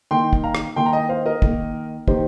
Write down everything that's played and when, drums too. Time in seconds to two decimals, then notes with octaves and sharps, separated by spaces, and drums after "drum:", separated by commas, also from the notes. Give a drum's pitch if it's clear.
0.11 D#3 A#3 D#4 G5 C6
0.33 drum: kick
0.44 F5 A#5
0.55 drum: rim click
0.76 D#3 A#3 D#4 G5 C6
0.86 A#5
0.93 D#5 G5
1.09 C5 F5
1.26 A#4 D#5
1.42 D#3 A#3 D#4, drum: kick
2.08 D#3 A#3 D#4 G4 C5, drum: kick